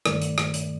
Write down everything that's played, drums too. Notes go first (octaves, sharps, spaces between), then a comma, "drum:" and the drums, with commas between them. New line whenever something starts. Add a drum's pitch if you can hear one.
G2 D#3 A3 D5, drum: rim click
drum: hi-hat
drum: rim click
drum: hi-hat